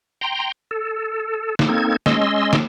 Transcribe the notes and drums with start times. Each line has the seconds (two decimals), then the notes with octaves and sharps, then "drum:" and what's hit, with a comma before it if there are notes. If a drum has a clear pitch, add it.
0.21 G5 A#5 C6
0.71 A4
1.59 drum: snare
1.69 A#3 C4 D#4 A4 G#6
2.06 G#3 C#4 D#5 C6 E6, drum: snare
2.53 drum: snare